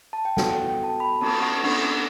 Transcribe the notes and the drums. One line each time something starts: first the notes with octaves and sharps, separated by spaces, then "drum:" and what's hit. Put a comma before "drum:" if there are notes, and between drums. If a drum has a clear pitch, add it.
A5
G5
B3 F#4 A4 F#5, drum: snare
G5
G5
A5
B5
A5, drum: cymbal
F#5
D4 A4 F#5, drum: cymbal